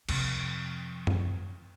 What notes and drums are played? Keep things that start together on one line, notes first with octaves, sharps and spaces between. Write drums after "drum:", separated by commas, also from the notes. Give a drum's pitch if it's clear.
F2 C3, drum: cymbal
drum: tom F#2